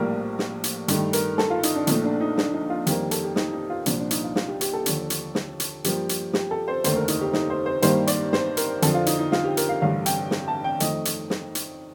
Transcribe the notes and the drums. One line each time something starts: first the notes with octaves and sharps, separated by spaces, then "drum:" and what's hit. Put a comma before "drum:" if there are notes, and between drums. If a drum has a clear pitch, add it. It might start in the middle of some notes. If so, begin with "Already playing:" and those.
Already playing: A#1 A2 G3 A#3 A#4
drum: snare
drum: hi-hat
G2 D#3 A3, drum: hi-hat
A#4, drum: hi-hat
A4, drum: snare
F4
D#4, drum: hi-hat
D4
A#1 A#2 A3 D#4, drum: hi-hat
D4
D#4
D4, drum: snare
D#4
F4
F2 D#3 G3 A#3 G4, drum: hi-hat
A4, drum: hi-hat
G4
D#4, drum: snare
D#4
F4
C2 A#2 F3 D4, drum: hi-hat
D4
D#4, drum: hi-hat
F4
F4, drum: snare
G4
G4, drum: hi-hat
A4
D#2 D3 F3, drum: hi-hat
drum: hi-hat
drum: snare
drum: hi-hat
G2 F3 A#3 G4, drum: hi-hat
drum: hi-hat
G4, drum: snare
A4
C5
F1 D#2 D3 A3 C5, drum: hi-hat
A#4
D#4, drum: hi-hat
G4
D#4, drum: snare
C5
C5
G2 D#3 G3 A#3 C5, drum: hi-hat
D5, drum: hi-hat
C5, drum: snare
A#4, drum: hi-hat
F2 D3 F3 A4, drum: hi-hat
F4
D#4, drum: hi-hat
D#4
F4, drum: snare
G4
A#4, drum: hi-hat
F5
A1 G2 D3 F5
G5, drum: hi-hat
drum: snare
A5
G5
F2 D#3 A3 D#5, drum: hi-hat
drum: hi-hat
drum: snare
drum: hi-hat